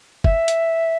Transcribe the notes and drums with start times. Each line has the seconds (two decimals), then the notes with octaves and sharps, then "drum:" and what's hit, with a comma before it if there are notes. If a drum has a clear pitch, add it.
0.24 E5, drum: kick
0.48 drum: hi-hat